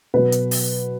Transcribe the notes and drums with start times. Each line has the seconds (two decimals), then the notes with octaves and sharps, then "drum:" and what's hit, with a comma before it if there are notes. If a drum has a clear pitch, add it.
0.14 B2 F#3 B4
0.32 drum: hi-hat
0.51 drum: open hi-hat